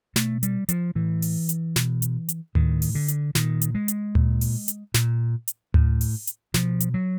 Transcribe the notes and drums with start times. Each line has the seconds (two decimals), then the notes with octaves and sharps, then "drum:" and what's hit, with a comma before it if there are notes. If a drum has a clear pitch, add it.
0.16 B2 A3, drum: snare
0.43 G3, drum: hi-hat
0.69 F3, drum: hi-hat
0.95 A2 E3
1.22 drum: open hi-hat
1.49 drum: hi-hat
1.76 B2, drum: snare
2.02 drum: hi-hat
2.29 drum: hi-hat
2.55 A2 D#3, drum: tom D2
2.82 drum: open hi-hat
2.95 D3
3.08 drum: hi-hat
3.35 A#2 D#3, drum: snare
3.62 drum: hi-hat
3.75 G#3
3.88 drum: hi-hat
4.15 A#2, drum: tom D2
4.41 drum: open hi-hat
4.68 drum: hi-hat
4.94 A#2, drum: snare
5.48 drum: hi-hat
5.74 A2, drum: tom D2
6.01 drum: open hi-hat
6.27 drum: hi-hat
6.54 B2 F3, drum: snare
6.80 drum: hi-hat
6.94 F#3